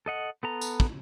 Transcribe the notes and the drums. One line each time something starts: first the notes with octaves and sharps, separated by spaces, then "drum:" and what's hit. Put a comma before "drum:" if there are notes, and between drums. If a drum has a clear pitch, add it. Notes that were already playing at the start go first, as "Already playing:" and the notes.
A4 D#5 F#5
B3 A4 A#5
drum: tambourine
drum: kick